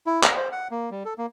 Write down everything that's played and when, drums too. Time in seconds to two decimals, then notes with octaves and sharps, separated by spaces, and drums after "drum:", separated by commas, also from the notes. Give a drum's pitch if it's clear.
0.06 E4
0.23 A#5, drum: clap
0.36 C5
0.52 F#5
0.71 A#3
0.91 G3
1.05 A4
1.18 A#3